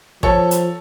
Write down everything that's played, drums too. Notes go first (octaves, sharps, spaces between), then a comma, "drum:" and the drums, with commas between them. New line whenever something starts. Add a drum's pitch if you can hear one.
F3 A4 C#5, drum: kick
drum: hi-hat